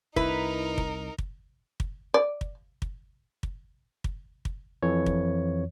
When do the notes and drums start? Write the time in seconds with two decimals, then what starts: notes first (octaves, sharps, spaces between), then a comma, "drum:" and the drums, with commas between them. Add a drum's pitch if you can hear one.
0.16 C2 D#4 E4 A#4 B4, drum: kick
0.78 drum: kick
1.18 drum: kick
1.80 drum: kick
2.14 D5
2.41 drum: kick
2.82 drum: kick
3.43 drum: kick
4.04 drum: kick
4.45 drum: kick
4.83 F2 E3 C#5
5.06 drum: kick